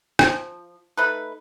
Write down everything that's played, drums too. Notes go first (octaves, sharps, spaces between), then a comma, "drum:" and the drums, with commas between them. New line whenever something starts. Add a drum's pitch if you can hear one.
F3, drum: rim click
A3 D#4 B4